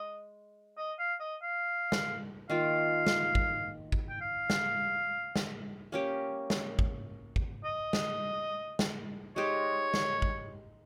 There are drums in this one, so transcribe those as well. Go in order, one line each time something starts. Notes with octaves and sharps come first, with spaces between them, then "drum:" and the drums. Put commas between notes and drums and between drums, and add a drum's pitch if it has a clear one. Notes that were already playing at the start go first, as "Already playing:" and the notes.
Already playing: G#3 D#5
D#5
F5
D#5
F5
drum: snare
D#3 A#3 F4 F5
drum: snare
drum: kick G#1
drum: kick G#1
G5
F5
drum: snare
drum: snare
A#3 C#4 G4
drum: snare
drum: kick G#1
drum: kick G#1
D#5
drum: snare
drum: snare
G#3 D#4 G4 C5 C#5
drum: snare
drum: kick G#1